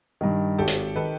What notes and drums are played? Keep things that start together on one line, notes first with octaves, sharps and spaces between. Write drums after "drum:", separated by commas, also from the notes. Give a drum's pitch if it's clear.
G2 D#3
G#1 G4 A4
drum: hi-hat
D#3 A4 B4